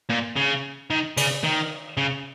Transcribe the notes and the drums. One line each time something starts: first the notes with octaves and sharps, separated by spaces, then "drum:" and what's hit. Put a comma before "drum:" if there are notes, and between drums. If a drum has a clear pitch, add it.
A#2
C#3
D#3
C#3, drum: cymbal
D#3
C#3